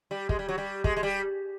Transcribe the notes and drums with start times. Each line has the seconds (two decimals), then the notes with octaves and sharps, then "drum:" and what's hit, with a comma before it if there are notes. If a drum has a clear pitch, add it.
0.11 G3
0.29 G#3, drum: kick
0.39 G3
0.49 F#3
0.58 G3
0.84 G#3, drum: kick
0.97 G#3
1.03 G3